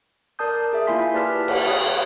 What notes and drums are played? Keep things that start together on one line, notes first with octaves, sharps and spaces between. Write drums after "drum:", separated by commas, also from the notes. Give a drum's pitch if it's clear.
A#4 D5 A5 D#6 G6
G#4 E5
A#3 E4 F4 G#5 C6 B6
G4 B4 D5 A5 F6 B6
drum: cymbal
B5 D#6 G#6